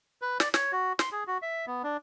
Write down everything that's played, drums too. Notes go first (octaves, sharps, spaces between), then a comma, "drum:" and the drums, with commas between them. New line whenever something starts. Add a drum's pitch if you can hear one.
B4
D5, drum: snare
C#5, drum: snare
F#4
C6, drum: snare
G#4
F#4
E5
B3
D4